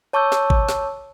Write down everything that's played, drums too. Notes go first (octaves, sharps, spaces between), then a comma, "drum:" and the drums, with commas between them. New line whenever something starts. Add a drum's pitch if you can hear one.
C#5 A5 C#6 D6 E6 G6
drum: snare
drum: kick G#1
drum: snare